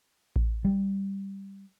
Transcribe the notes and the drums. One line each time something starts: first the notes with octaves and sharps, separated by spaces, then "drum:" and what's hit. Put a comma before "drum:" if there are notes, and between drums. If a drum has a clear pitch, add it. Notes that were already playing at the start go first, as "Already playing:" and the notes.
drum: kick A1
G3